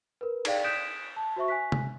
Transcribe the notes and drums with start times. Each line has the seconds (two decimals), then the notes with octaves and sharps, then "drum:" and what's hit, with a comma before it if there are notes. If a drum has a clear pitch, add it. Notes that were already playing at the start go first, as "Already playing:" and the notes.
0.21 A#4 B4
0.45 D#4 G#4 D5 F5 G5, drum: cymbal
0.64 D#6 F#6 G6 B6 D7 E7
1.16 A5
1.36 F#4 C5 E5 C#6
1.48 G#5 F#6 B6
1.72 drum: tom C3